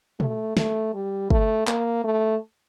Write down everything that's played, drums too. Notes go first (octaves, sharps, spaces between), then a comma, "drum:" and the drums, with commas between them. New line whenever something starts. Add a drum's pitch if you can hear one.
A3, drum: tom A#2
A3, drum: snare
G3
A3, drum: kick
A#3, drum: clap
A3